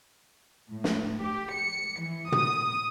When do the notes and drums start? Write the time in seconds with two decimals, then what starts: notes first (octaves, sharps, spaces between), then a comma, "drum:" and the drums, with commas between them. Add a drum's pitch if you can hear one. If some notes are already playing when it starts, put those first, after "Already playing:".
0.70 A2
0.84 drum: snare
1.23 G4
1.54 C#7
2.02 E3
2.32 D#6, drum: tom